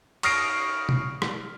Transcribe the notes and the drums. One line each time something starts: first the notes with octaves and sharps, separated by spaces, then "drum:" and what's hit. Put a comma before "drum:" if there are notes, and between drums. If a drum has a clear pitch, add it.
C#6 D#6 F6 A#6 C7 D7, drum: cymbal
drum: tom B2
drum: rim click